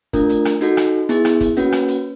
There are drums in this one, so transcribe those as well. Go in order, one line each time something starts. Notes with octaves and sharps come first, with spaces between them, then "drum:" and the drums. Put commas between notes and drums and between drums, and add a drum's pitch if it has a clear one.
A3 D4 F4 A#4, drum: kick, hi-hat
drum: hi-hat
drum: rim click
D#4 F#4 A4, drum: hi-hat
drum: rim click
B3 E4 G#4, drum: hi-hat
drum: rim click
drum: kick, hi-hat
A#3 C#4 F#4 B4, drum: hi-hat
drum: rim click
drum: hi-hat